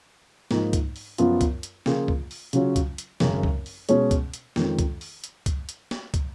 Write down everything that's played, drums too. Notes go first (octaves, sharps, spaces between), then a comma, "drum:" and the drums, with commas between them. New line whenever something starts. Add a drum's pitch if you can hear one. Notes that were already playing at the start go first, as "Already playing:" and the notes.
G#2 F3 A#3 D#4, drum: snare
drum: kick, hi-hat
drum: open hi-hat
F#2 F3 B3 F4, drum: hi-hat
drum: kick, hi-hat
drum: hi-hat
C#3 F3 A#3 F4 G#4, drum: snare
drum: kick
drum: open hi-hat
C#3 F#3 C#4 F4, drum: hi-hat
drum: kick, hi-hat
drum: hi-hat
G#1 F#2 C#3, drum: snare
drum: kick
drum: open hi-hat
B2 G#3 C#4 G#4 C#5, drum: hi-hat
drum: kick, hi-hat
drum: hi-hat
F2 D#3 G#3 C#4, drum: snare
drum: kick, hi-hat
drum: open hi-hat
drum: hi-hat
drum: kick, hi-hat
drum: hi-hat
drum: snare
drum: kick, hi-hat